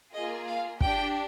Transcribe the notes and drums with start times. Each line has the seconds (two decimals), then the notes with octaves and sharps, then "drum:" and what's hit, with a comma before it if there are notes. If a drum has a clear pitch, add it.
0.14 A#3 F4 G#4 D#5
0.48 F5
0.81 D4 G4 G5, drum: kick